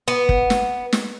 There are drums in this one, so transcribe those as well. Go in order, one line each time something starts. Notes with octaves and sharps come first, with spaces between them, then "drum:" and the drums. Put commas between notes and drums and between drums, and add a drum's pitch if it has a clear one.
B3
drum: kick
drum: snare
drum: snare